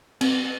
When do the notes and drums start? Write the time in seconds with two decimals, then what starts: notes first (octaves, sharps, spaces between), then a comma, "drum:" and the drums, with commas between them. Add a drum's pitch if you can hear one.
0.21 C4, drum: cymbal